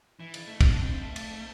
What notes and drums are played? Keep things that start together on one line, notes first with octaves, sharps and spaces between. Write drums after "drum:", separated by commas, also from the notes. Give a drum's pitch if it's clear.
E3
drum: cymbal
A3
C4, drum: kick, cymbal
D4
C4
C4
A3
drum: cymbal